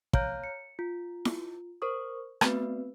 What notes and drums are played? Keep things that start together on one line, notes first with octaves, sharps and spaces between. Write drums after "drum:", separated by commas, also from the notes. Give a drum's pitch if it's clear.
C#5 F5 A#5 F6 G6, drum: kick
C#7
F4
drum: snare E4
A#4 C5 C#6 D#6
A3 B3 C4 F#4 B4, drum: rim click